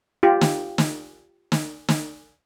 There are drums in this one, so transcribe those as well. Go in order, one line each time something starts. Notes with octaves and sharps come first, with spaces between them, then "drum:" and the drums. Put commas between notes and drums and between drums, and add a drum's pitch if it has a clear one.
F4 G4
drum: snare
drum: snare
drum: snare
drum: snare